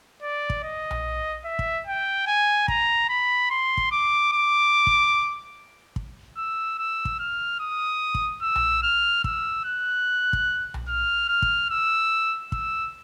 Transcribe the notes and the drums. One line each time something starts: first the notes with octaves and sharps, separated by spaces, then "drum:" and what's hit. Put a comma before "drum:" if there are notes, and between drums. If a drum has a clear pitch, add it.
D5
drum: kick
D#5
drum: tom B1
E5
drum: kick
G5
G#5
A#5, drum: kick
B5
C6
drum: kick
D6
D6
drum: kick
drum: kick
E6
E6
drum: kick
F6
D#6
drum: kick
E6
drum: tom B1
F6
E6, drum: kick
F#6
drum: kick
drum: tom B1
F6
F6
drum: kick
E6
E6, drum: kick